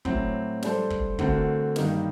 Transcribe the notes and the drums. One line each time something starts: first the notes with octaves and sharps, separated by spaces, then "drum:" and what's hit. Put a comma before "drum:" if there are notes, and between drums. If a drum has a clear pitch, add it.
A2 F#3 C4, drum: kick
G3 D4 A4 C5, drum: snare
drum: kick
D3 A3 C4 F#4 A#4, drum: kick
G2 D#3 G3 A#3 D#4, drum: snare